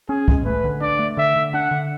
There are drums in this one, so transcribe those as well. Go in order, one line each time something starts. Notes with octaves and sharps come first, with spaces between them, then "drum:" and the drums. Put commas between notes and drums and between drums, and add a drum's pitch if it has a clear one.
C#4 G#4
G#3, drum: kick
A3 B4
D3
D4 D5
A3
D3 E5
D3
D4 F#5
D3